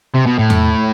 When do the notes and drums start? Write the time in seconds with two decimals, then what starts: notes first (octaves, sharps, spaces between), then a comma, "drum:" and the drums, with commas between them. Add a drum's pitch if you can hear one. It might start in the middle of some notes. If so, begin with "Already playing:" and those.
0.15 C3
0.26 B2
0.39 A2
0.50 drum: tom E2